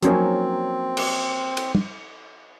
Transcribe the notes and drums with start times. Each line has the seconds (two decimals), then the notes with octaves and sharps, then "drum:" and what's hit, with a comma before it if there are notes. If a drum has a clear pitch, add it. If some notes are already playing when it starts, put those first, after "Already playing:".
0.03 F3 F#3 A#3 C4 C#4 D#4, drum: hi-hat
0.97 drum: cymbal
1.57 drum: cymbal
1.75 drum: tom